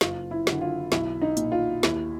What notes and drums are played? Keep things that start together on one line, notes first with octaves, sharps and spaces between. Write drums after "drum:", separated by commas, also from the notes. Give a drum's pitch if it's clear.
F#1 F4, drum: snare
E4
F#2 D3, drum: snare
F4
B1 E4, drum: snare
D#4
A#2, drum: hi-hat
F4
D#2 E4, drum: snare